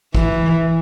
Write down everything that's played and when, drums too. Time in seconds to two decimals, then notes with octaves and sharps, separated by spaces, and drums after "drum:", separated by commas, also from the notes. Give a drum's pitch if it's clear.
0.15 E3, drum: kick